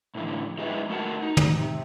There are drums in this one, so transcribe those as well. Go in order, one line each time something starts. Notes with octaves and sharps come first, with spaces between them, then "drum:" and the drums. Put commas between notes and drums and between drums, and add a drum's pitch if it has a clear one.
A2 D3 E3 F3
F3 G#3 D#4 E4 B4
A3 F#4 A#4 F#5 A5
D#4
drum: tom
C3